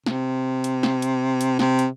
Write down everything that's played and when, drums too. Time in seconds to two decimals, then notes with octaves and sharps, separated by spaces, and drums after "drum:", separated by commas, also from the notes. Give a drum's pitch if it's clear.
0.06 C3, drum: snare
0.64 drum: hi-hat
0.83 drum: snare
1.02 drum: hi-hat
1.41 drum: hi-hat
1.59 C3, drum: snare
1.79 drum: hi-hat